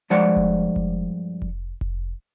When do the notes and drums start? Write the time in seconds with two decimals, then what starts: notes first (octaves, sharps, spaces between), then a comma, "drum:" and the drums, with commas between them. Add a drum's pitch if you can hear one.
0.10 G2 F3 G#3 D5 F#5
0.37 drum: kick F1
0.76 drum: kick F1
1.42 drum: kick F1
1.81 drum: kick F1